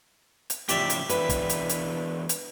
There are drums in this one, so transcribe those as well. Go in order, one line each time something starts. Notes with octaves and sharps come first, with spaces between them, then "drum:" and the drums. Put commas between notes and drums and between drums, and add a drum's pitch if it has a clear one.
drum: hi-hat
A2 C#3 F3 G4 D5 E5, drum: hi-hat
drum: hi-hat
E2 D4 E4 B4, drum: hi-hat
drum: kick, hi-hat
drum: hi-hat
drum: hi-hat
drum: hi-hat